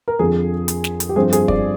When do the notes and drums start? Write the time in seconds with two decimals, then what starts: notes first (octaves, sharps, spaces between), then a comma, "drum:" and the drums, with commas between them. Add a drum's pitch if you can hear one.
0.08 A#4
0.19 F2 D3 F3 G#4
0.68 drum: hi-hat
0.84 drum: snare
1.00 drum: hi-hat
1.09 G4
1.16 G2 F3 C4 G#4
1.33 G#4, drum: hi-hat
1.48 D5, drum: kick